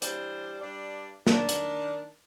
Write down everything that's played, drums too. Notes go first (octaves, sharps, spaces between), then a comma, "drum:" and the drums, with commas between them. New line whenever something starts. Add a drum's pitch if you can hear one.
E3 G3 D4 C5 D5, drum: hi-hat
G2 D4 D5
D#3 D4, drum: snare
drum: hi-hat